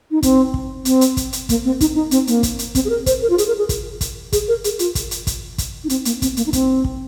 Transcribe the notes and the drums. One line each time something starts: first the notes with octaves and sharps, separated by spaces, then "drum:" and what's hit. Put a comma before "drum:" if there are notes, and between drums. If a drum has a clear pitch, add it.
D#4
C4, drum: kick, hi-hat
drum: kick
C4, drum: hi-hat
drum: hi-hat
drum: kick, hi-hat
drum: hi-hat
A#3, drum: kick, hi-hat
C4
D#4, drum: kick, hi-hat
D#4
C4, drum: hi-hat
A#3, drum: hi-hat
drum: kick, hi-hat
drum: hi-hat
C4, drum: kick, hi-hat
G#4
A#4
C5, drum: kick, hi-hat
A#4
F4
G#4, drum: hi-hat
A#4
G#4
drum: kick, hi-hat
drum: kick, hi-hat
G#4, drum: kick, hi-hat
A#4
G#4, drum: hi-hat
F4, drum: hi-hat
drum: kick, hi-hat
drum: hi-hat
drum: kick, hi-hat
drum: kick, hi-hat
D#4
C4, drum: hi-hat
A#3, drum: hi-hat
C4, drum: kick, hi-hat
A#3, drum: hi-hat
D#4
C4, drum: kick, hi-hat
drum: kick